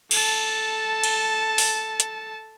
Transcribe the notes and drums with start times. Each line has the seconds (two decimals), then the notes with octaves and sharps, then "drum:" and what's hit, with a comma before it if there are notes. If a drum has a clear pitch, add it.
0.11 A4 A5, drum: cymbal
1.03 drum: cymbal
1.58 drum: open hi-hat
2.00 drum: hi-hat